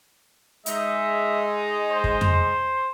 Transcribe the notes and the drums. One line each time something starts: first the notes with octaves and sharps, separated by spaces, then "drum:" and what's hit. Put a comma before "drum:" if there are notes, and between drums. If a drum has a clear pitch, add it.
G#3 D#4 E5, drum: hi-hat
C5
drum: kick
drum: tom F2